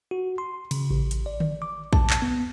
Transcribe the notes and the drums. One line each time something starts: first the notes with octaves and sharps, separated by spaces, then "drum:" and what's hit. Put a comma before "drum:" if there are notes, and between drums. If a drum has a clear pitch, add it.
F#4
C6
C#3, drum: cymbal
A1
drum: hi-hat
D5
drum: tom D3
D6
A5, drum: kick
drum: clap
B3